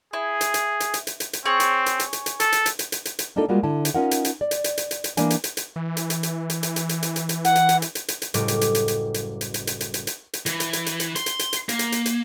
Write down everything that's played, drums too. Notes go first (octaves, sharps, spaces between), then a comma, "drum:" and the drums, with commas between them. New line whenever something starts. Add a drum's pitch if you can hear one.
E4 G#4
drum: hi-hat
drum: hi-hat
drum: hi-hat
drum: hi-hat
drum: hi-hat
drum: hi-hat
drum: hi-hat
C4 G#4 C#5
drum: hi-hat
drum: hi-hat
drum: hi-hat
drum: hi-hat
drum: hi-hat
A4, drum: hi-hat
drum: hi-hat
drum: hi-hat
drum: hi-hat
drum: hi-hat
drum: hi-hat
drum: hi-hat
A#3 D4 D#4 F4 A4
G3 G#3 A#3 F4 F#4
D3 E4 A5
drum: hi-hat
C#4 D#4 F4 A#4 F#5
drum: hi-hat
drum: hi-hat
D5
drum: hi-hat
drum: hi-hat
drum: hi-hat
drum: hi-hat
drum: hi-hat
E3 A#3 D4 G#5, drum: hi-hat
drum: hi-hat
drum: hi-hat
drum: hi-hat
E3
drum: hi-hat
drum: hi-hat
drum: hi-hat
drum: hi-hat
drum: hi-hat
drum: hi-hat
drum: hi-hat
drum: hi-hat
drum: hi-hat
drum: hi-hat
F#5, drum: hi-hat
drum: hi-hat
drum: hi-hat
drum: hi-hat
drum: hi-hat
drum: hi-hat
drum: hi-hat
F#1 A2 G3 D#5 D6, drum: hi-hat
drum: hi-hat
drum: hi-hat
drum: hi-hat
drum: hi-hat
drum: hi-hat
drum: hi-hat
drum: hi-hat
drum: hi-hat
drum: hi-hat
drum: hi-hat
drum: hi-hat
drum: hi-hat
E3, drum: hi-hat
drum: hi-hat
drum: hi-hat
drum: hi-hat
drum: hi-hat
C6, drum: hi-hat
drum: hi-hat
drum: hi-hat
drum: hi-hat
A#3, drum: hi-hat
drum: hi-hat
drum: hi-hat
drum: hi-hat